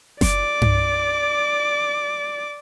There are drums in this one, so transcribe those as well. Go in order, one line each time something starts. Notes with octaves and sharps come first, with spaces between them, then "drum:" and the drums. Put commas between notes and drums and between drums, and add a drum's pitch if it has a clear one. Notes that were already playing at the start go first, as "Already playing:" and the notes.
D5 D6, drum: snare F#1
drum: tom G2